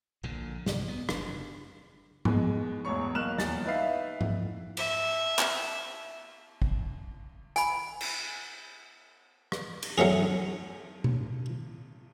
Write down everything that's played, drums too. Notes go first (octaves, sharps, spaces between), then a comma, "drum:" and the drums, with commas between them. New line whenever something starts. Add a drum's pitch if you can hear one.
A#1 A#2 D3
C2 G#2, drum: snare
B3
F#1 C3 D4, drum: rim click
B2 G#3, drum: tom G#2
E1 A1 E2 C#5 C#6
B1 A#3 F6 F#6 E7
D#1 E2 A6, drum: snare
D#4 E4 B4 E5 F5
drum: tom G#2
E5, drum: cymbal
drum: clap
drum: kick
G#5 B5, drum: hi-hat
drum: cymbal
drum: rim click
drum: cymbal
F#3 A3 C#4 G#4
drum: tom F#3
drum: tom B2